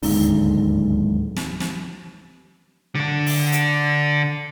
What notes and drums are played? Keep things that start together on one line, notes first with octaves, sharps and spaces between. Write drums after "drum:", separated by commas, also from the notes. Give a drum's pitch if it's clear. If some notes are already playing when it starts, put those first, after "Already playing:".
D1 D#2 G#2 D3, drum: open hi-hat
drum: snare
drum: snare
D3 D4
drum: open hi-hat
drum: hi-hat